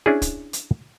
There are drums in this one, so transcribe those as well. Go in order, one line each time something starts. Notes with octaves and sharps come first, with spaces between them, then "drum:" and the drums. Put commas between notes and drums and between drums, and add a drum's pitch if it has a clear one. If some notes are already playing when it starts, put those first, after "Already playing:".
C#4 D4 E4 G#4
drum: kick, hi-hat
drum: hi-hat